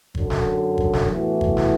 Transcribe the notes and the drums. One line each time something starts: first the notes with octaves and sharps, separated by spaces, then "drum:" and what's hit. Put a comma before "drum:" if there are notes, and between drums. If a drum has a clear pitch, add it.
F#2 D3 F#3, drum: kick G1
drum: snare
drum: kick G1
drum: snare
A2 E3 B3 F#4
drum: kick G1
drum: snare